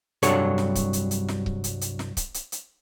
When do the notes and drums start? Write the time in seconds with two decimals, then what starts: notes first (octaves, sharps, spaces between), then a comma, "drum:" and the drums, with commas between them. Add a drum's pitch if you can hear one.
0.22 C2 G2 F#3 D4 A4 C#5, drum: hi-hat
0.58 drum: snare
0.75 drum: kick C#1, hi-hat
0.93 drum: hi-hat
1.11 drum: hi-hat
1.28 drum: snare
1.46 drum: kick C#1
1.64 drum: hi-hat
1.81 drum: hi-hat
1.99 drum: snare
2.17 drum: kick C#1, hi-hat
2.34 drum: hi-hat
2.52 drum: hi-hat